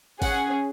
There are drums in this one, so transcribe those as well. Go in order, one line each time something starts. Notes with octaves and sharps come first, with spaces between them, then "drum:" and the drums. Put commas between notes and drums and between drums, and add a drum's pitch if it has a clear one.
C#4 G#4 F#5, drum: kick, open hi-hat